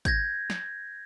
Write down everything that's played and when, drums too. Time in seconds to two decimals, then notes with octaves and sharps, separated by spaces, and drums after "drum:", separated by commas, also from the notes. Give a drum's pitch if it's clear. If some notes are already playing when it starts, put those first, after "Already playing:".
0.05 G6 G#6 A#6, drum: kick G#1, hi-hat
0.50 drum: snare